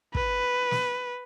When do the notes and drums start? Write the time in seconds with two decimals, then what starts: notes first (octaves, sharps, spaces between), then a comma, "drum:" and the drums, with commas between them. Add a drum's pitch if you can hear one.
0.15 B4, drum: kick
0.71 drum: snare